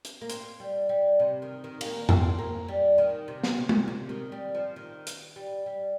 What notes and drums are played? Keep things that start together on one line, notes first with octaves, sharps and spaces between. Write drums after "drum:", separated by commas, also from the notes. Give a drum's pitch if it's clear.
drum: hi-hat
A#3
C4, drum: hi-hat
G3
G3
C3
D#3
D#3
G3, drum: cymbal
A#3
C4, drum: tom F2
A#3
G3
D#3
C3
drum: snare
C3
drum: tom G#3
C3
D#3
G3
F3
D#3
drum: hi-hat
G3
G3